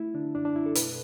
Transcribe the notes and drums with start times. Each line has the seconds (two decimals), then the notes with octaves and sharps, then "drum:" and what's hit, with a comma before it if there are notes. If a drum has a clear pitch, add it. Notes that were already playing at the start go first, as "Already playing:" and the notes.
Already playing: A3 E4
0.14 D3 D4
0.35 F#2 D4
0.45 D4
0.55 F#2 E4
0.66 A4
0.75 B2 B4, drum: hi-hat